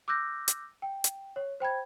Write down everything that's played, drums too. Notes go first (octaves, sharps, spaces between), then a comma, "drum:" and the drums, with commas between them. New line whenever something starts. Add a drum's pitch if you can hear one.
D6 E6 F#6 G6 A#6
drum: hi-hat
G5
drum: hi-hat
C#5
C5 G5 B5 G#6